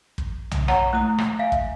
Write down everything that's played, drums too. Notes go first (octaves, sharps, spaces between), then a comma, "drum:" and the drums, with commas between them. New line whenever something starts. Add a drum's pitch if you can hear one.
drum: kick
drum: tom B1
C#5 F#5 A#5 C#6, drum: rim click
A3 E4 D#6
drum: rim click
E5 F5 G#5
drum: kick